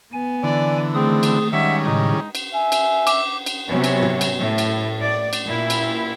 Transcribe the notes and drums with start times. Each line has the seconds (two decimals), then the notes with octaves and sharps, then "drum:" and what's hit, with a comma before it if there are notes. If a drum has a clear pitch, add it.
0.13 B3 G#5
0.44 D3 E3 D5
0.94 D#3 A3 C4 G#4 D#6
1.23 drum: cymbal
1.53 D#3 G3 G#3 C#4 E5 F#5
1.86 A2 C#3 D#4
2.35 drum: cymbal
2.53 E5 G#5
2.72 drum: cymbal
3.07 D6, drum: cymbal
3.46 drum: cymbal
3.68 C3 F#3 B3 C#4
3.84 drum: cymbal
4.02 drum: tom
4.21 drum: cymbal
4.37 A2
4.58 drum: cymbal
5.00 D5
5.33 drum: cymbal
5.43 A#2 E4
5.70 drum: cymbal